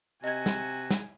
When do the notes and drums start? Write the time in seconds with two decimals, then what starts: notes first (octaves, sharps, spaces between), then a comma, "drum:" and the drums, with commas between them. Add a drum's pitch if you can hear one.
0.24 C3 F#4 D#5 G#5 G#6
0.46 drum: snare
0.91 drum: snare